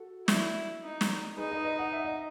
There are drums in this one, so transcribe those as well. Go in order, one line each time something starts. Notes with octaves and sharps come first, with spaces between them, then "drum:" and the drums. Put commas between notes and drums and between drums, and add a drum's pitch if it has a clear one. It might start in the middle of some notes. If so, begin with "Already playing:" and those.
Already playing: F#4 A4
E4, drum: snare
D#4
drum: snare
D#4 G#4 B4
B4 D#5
B4 D#5
D#5 F#5
E5
D#5